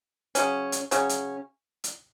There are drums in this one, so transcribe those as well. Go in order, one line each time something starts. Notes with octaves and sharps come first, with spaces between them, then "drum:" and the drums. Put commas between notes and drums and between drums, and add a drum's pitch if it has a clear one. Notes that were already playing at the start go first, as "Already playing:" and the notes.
C#3 F#3 C#4, drum: hi-hat
drum: hi-hat
C#3 F#3 C#4, drum: hi-hat
drum: hi-hat
drum: hi-hat